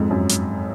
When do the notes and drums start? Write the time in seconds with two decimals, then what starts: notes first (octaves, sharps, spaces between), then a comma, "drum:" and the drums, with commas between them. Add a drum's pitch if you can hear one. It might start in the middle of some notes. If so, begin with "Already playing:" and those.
Already playing: F2 G#2
0.10 F#2
0.29 drum: hi-hat